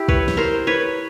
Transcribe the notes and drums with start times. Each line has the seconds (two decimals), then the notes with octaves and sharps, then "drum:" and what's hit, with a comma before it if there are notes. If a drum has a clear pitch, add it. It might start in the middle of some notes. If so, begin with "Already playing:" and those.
Already playing: E4 G4
0.09 B4 C#5, drum: kick
0.28 drum: snare
0.37 A#4 C5
0.67 B4 C#5